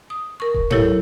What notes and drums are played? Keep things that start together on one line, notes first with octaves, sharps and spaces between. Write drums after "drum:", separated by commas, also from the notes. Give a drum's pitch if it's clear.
D#6
A#4 C#6
drum: kick D#1
F#3 E4 G4 A4 A#4 C#5, drum: tom G#2